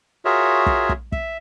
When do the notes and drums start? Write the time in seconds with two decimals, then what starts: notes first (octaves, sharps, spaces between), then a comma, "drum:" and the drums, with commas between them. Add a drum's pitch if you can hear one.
0.25 F4 F#4 G#4 A#4 C#5 E5
0.66 drum: kick
0.89 drum: kick
1.12 E5, drum: kick